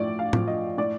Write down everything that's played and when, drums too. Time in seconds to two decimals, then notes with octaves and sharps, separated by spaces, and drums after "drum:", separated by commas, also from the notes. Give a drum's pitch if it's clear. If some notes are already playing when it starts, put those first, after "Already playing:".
Already playing: A2 F3 D5
0.19 F5
0.33 F3, drum: tom A2
0.48 D#5
0.78 A2 D5